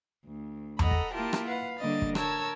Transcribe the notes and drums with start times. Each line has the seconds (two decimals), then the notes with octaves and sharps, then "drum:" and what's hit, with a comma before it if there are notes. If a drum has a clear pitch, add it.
0.25 D2
0.79 A4 D#5 F#5 A#5 B5, drum: tom E2
0.91 drum: kick
1.13 A#3 E4 F4 G4 A#4 A5
1.33 drum: rim click
1.47 B4 F5 F#5
1.79 D3 G3 A#3 D#5 A6
2.02 drum: kick
2.15 A#4 C#5 A5 E6 G#6, drum: rim click